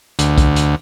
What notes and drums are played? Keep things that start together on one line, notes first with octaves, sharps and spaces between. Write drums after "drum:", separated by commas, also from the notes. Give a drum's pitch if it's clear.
D2, drum: hi-hat
drum: kick C2, hi-hat
drum: hi-hat